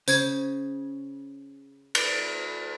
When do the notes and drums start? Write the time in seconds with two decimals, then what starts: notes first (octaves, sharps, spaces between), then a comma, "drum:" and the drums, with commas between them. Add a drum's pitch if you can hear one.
0.08 C#3 C5 G#6, drum: tambourine
1.95 drum: cymbal